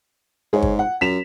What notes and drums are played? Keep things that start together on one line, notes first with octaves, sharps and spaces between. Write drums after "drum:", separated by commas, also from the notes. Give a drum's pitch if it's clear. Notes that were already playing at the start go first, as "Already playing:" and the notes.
G#2 G#4 C#5
drum: kick
F#5
F#2 B6 E7 F7